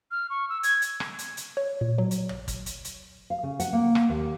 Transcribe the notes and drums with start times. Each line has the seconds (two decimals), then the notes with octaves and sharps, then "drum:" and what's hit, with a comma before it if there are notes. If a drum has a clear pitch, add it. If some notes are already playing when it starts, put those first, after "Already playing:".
0.11 F6
0.30 C#6
0.49 E6
0.63 G#6, drum: hi-hat
0.82 drum: hi-hat
1.00 drum: rim click
1.19 drum: hi-hat
1.37 drum: hi-hat
1.57 C#5
1.81 A#2
1.98 F#3
2.11 drum: hi-hat
2.29 drum: tom
2.48 drum: kick, hi-hat
2.66 drum: hi-hat
2.85 drum: hi-hat
3.30 F5
3.43 C#3
3.60 F#5, drum: hi-hat
3.73 A#3
3.95 drum: rim click
4.09 D#2